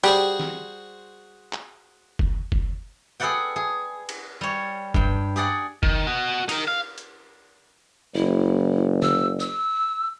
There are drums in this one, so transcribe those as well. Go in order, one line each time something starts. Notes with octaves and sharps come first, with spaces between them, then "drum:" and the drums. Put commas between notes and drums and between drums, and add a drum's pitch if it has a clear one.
G3 F#4 G#4 C5
drum: snare
drum: clap
drum: kick F#1
drum: kick F#1
G#4 A4 B4 D5 F#5 G5
G#4
drum: cymbal
G3 C#5
G2 G5, drum: kick F#1
G4 G#4 D5 F#5
D#3, drum: kick F#1
F#4 D#5
D#4 A#4, drum: cymbal
F5
drum: hi-hat
F#1 E4
E6, drum: tom D3
E6, drum: tambourine